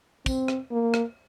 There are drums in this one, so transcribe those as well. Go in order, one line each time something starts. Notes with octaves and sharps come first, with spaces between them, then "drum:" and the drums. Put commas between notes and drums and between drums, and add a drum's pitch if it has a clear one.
C4, drum: kick, tambourine
drum: rim click
A#3
drum: rim click